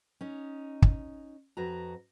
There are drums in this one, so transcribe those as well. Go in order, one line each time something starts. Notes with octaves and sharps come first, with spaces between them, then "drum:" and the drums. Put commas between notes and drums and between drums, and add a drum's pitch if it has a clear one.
C#4 D#4
drum: kick
F2 F#4 B4 A#5